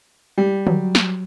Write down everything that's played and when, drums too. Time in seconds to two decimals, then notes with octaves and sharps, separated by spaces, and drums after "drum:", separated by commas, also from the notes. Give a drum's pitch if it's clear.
0.38 G3
0.67 F#3, drum: tom D3
0.95 drum: snare